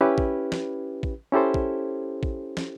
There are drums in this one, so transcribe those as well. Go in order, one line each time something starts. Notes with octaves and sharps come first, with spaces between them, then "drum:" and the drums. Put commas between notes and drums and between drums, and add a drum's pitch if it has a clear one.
C#4 E4 G4 B4
drum: kick
drum: snare
drum: kick
C#4 E4 G4 A4 C5
drum: kick
drum: kick
drum: snare